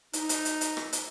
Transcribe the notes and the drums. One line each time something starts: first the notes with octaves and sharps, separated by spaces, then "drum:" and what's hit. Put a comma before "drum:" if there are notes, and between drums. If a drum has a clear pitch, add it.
D#4, drum: hi-hat
drum: hi-hat
drum: hi-hat
drum: hi-hat
drum: rim click
drum: hi-hat